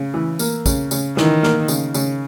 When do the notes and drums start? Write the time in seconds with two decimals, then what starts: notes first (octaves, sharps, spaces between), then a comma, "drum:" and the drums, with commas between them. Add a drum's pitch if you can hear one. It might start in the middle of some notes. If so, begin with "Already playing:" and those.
Already playing: C#3
0.14 E3
0.39 A#3, drum: tambourine
0.66 C#3, drum: kick, tambourine
0.91 C#3, drum: tambourine
1.17 D#3 E3, drum: snare
1.43 A#3, drum: snare
1.68 C#3, drum: tambourine
1.94 C#3, drum: tambourine